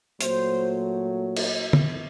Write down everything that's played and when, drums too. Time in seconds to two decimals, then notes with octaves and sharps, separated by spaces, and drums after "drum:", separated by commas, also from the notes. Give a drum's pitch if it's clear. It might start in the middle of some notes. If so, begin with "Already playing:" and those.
0.21 A#2 F#3 A3 C5, drum: hi-hat
1.36 drum: cymbal
1.73 drum: tom